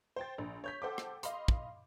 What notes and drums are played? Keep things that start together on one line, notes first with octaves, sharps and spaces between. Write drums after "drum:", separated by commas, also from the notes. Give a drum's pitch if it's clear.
C5 G5 A6
A#1
C#5 G6 B6
A4 C5 F#5 G5 D6
drum: rim click
D#5 F5 B5 C6, drum: hi-hat
drum: kick